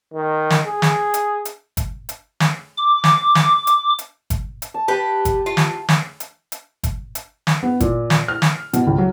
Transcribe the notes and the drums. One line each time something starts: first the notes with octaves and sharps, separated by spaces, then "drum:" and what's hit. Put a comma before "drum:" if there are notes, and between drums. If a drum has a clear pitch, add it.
D#3
drum: snare
G#4
drum: snare
drum: hi-hat
drum: hi-hat
drum: kick G1, hi-hat
drum: hi-hat
drum: snare
D6
drum: snare
drum: snare
drum: hi-hat
drum: hi-hat
drum: kick G1, hi-hat
drum: hi-hat
A5
G4 B4 G5 A5
drum: kick G1, hi-hat
F4
drum: snare
drum: snare
drum: hi-hat
drum: hi-hat
drum: kick G1, hi-hat
drum: hi-hat
drum: snare
B3
A#2, drum: kick G1, hi-hat
drum: snare
F6
drum: snare
B2, drum: hi-hat
C#2
F#3